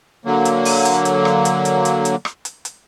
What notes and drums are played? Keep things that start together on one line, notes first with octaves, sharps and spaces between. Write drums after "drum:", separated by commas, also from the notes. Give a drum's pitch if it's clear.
D3 F#3 A#3
drum: hi-hat
drum: open hi-hat
drum: hi-hat
drum: hi-hat
drum: rim click
drum: hi-hat
drum: hi-hat
drum: hi-hat
drum: hi-hat
drum: rim click
drum: hi-hat
drum: hi-hat